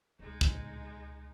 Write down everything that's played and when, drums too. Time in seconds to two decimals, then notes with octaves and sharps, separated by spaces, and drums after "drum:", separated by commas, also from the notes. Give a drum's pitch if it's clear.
0.19 C#2 B2 G#3 D#4
0.41 drum: kick